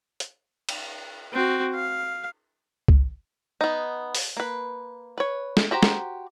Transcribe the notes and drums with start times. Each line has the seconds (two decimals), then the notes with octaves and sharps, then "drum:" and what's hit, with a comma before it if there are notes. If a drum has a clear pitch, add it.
0.20 drum: hi-hat
0.69 drum: cymbal
1.33 C4 F#4
1.75 F5
2.88 drum: kick C2
3.61 B3 D#4
4.15 drum: open hi-hat
4.37 A#3 B4
5.18 B4 C#5
5.57 drum: snare
5.71 F#4 G4 C5 A#5
5.83 drum: snare